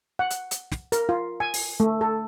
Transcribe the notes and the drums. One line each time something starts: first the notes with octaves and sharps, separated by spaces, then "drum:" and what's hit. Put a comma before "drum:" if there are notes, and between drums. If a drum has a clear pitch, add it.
F#5
drum: hi-hat
drum: hi-hat
drum: snare
A#4, drum: hi-hat
F4
G#5
drum: open hi-hat
A3
A4